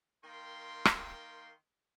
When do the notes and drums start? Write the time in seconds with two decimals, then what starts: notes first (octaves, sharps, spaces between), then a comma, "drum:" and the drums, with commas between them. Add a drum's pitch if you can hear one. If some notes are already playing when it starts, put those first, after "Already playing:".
0.23 D#3 A#3 G5 C6
0.85 drum: rim click